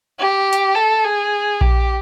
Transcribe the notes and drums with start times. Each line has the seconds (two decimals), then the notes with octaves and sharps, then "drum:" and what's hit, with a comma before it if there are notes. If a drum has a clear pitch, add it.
0.20 G4
0.53 drum: hi-hat
0.76 A4
1.05 G#4
1.61 G4, drum: kick A#1